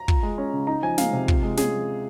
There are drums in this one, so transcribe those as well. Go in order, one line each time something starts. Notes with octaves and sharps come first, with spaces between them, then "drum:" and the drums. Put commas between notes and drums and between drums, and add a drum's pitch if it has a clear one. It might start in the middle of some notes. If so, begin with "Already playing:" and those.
Already playing: A#5
F4, drum: kick
G#3
C#4
C#3
D#4 A#5
F3 G#5
G#3 F5, drum: snare
C3
F4, drum: kick
G#3
C#4 G#4, drum: snare